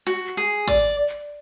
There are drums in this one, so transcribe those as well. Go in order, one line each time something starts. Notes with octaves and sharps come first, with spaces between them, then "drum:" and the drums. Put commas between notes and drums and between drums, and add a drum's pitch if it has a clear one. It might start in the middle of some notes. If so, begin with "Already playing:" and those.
F#4
drum: clap
G#4
D5, drum: kick
drum: clap